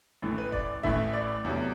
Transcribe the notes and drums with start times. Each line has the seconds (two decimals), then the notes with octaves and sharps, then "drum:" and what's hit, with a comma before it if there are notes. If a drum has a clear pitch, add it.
0.22 A1 A2 E3 A3
0.38 B4
0.52 D5, drum: kick F1
0.83 A1 A2 E3 A3 E5, drum: kick F1
1.13 D5
1.44 E2 C3 F#3 A3